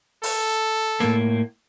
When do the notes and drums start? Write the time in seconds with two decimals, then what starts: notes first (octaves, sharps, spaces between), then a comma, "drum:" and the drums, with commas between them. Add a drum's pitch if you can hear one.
0.23 A4, drum: open hi-hat
1.00 A2 A#3, drum: snare